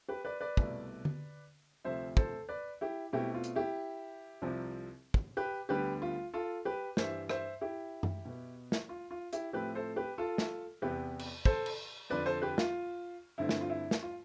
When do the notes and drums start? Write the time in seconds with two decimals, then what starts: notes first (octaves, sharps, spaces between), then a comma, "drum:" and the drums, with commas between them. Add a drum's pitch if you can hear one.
0.08 G4 B4
0.25 B4 D5
0.41 B4 D5
0.57 C2 B2 A3, drum: kick
1.05 drum: tom D3
1.85 D2 C3 F3 A3 C4 C5 E5
2.17 A4 C5, drum: kick
2.49 B4 D5
2.81 E4 G4
3.13 B2 A3 C4 E4 G4
3.34 F4
3.44 drum: hi-hat
3.56 E4 G4
4.42 C2 C3 F3 C4
5.14 drum: kick
5.37 G4 B4
5.69 D2 D3 G3 B3 G4 B4
6.02 F4
6.34 F4 A4
6.65 G4 B4
6.97 G2 E3 G3 C5 E5, drum: snare
7.29 C5 E5, drum: rim click
7.61 E4 G4
8.03 drum: tom F#2
8.25 B2 B3
8.72 drum: snare
8.89 F4
9.11 F4
9.33 E4 G4, drum: hi-hat
9.53 A2 F3 A3 C4 G4 B4
9.75 A4 C5
9.96 G4 B4
10.18 F4 A4
10.38 drum: snare
10.82 E2 C3 E3 B3 G4 B4
11.19 drum: cymbal
11.45 A4 C5, drum: kick
11.66 drum: cymbal
12.10 F2 D3 F3 B4 D5
12.26 A4 C5
12.42 G4 B4
12.58 F4, drum: snare
13.38 G2 D3 A3 C4 E4
13.49 drum: snare
13.61 F4
13.70 E4
13.91 drum: snare
14.02 F4